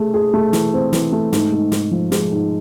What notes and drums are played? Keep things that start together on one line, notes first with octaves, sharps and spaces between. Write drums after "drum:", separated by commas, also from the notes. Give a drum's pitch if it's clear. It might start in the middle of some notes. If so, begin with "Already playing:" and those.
Already playing: A3 G#4
G#4
A3
E3, drum: snare
C4
E3, drum: snare
A3
G#2, drum: snare
G#2
G#2, drum: snare
F3
G#3, drum: snare
G#2